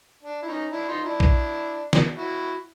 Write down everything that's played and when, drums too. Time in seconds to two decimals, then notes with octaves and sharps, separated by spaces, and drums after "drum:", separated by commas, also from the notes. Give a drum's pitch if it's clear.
0.23 D4
0.42 E4
0.47 C#4 D#4
0.72 D4 E4
0.88 D#4 F4
1.04 D4 E4
1.20 drum: kick A#1
1.93 drum: snare
2.17 E4 F#4